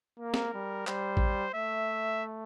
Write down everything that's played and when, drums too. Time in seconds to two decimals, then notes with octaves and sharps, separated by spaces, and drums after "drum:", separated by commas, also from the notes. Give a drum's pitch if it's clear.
0.19 A#3 A#4
0.34 drum: snare
0.54 G3
0.87 G3 C5, drum: clap
1.17 drum: kick A1
1.54 A3 E5